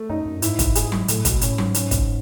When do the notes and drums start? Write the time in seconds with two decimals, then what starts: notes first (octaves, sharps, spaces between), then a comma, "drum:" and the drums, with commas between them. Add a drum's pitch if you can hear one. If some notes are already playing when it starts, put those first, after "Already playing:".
Already playing: A3
0.09 F#2 D#4
0.25 F#2
0.42 G#2 E4, drum: hi-hat
0.59 drum: kick, hi-hat
0.75 G#4, drum: hi-hat
0.92 drum: tom F#3
1.08 A2 A3, drum: hi-hat
1.25 B2, drum: kick, hi-hat
1.41 A2 C#4, drum: hi-hat
1.58 G#2, drum: tom F#3
1.74 C#4, drum: hi-hat
1.91 drum: kick, hi-hat